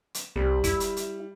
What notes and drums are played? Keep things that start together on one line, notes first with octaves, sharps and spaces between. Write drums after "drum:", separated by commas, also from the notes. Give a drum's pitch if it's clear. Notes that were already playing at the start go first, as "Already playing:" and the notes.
drum: hi-hat
C2 G3
E4, drum: kick, hi-hat
drum: hi-hat
drum: hi-hat